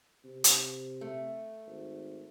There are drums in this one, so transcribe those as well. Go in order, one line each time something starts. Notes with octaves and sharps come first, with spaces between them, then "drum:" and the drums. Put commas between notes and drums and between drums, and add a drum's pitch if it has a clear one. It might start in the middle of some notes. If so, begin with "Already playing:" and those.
C3
drum: hi-hat
A3
G#1